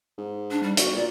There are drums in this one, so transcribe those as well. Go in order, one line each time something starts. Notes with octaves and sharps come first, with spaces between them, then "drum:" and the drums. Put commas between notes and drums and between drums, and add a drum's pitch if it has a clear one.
G#2
D4
G3
G1 F#4, drum: hi-hat
A#2 D5